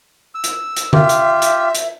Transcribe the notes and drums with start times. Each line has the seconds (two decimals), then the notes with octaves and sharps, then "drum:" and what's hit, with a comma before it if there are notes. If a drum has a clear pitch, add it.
0.35 E6
0.44 drum: hi-hat
0.76 drum: hi-hat
0.93 F4 G4 E5, drum: tom D3
1.09 drum: hi-hat
1.42 drum: hi-hat
1.75 drum: hi-hat